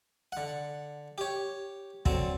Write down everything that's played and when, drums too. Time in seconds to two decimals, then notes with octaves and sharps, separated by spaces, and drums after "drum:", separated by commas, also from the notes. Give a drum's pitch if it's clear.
0.32 D3 F#5
1.18 G4 C#5
2.05 D3 F#3 C4, drum: kick